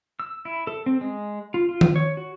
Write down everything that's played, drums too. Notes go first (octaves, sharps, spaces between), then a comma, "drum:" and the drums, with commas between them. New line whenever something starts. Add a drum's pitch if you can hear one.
E6
E4
A4
C4
G#3
F4
F4
drum: tom D#3
C#5
F#4